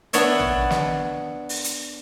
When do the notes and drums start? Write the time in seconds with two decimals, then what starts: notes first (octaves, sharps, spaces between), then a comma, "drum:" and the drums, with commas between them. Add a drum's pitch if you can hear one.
0.13 B3 D4 C#5 E5, drum: hi-hat
0.39 drum: tom A1
0.71 drum: snare
1.49 drum: open hi-hat
1.64 drum: hi-hat